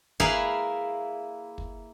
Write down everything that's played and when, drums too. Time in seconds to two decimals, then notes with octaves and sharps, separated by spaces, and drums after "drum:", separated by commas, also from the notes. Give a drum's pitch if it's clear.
0.20 A#3 E4 G#4 B4 F5, drum: kick
1.58 drum: kick